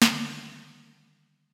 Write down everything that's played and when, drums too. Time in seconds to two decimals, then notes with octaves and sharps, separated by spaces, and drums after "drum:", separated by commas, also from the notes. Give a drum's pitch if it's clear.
0.02 D3 D#3 G3 A3, drum: snare